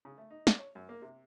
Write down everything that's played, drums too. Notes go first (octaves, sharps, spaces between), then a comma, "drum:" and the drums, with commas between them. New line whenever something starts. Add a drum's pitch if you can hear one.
C#3
A3
D#4
D5, drum: snare
C#5
F#2
A#3
C3